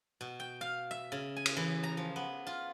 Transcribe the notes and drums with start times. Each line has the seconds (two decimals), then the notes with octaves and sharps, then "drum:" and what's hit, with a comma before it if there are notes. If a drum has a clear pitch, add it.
0.21 B2
0.40 G5
0.61 F5
0.91 E5
1.12 C#3
1.36 G#5
1.46 drum: cymbal
1.57 E3
1.84 A#5
1.97 F3
2.16 B3
2.47 F4